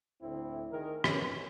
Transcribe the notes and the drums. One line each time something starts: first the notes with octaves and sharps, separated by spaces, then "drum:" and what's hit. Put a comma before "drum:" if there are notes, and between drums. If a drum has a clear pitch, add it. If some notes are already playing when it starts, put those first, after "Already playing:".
D2 A2 C4 E4
D#3 G#4 A#4
F#2 C#4 B4, drum: rim click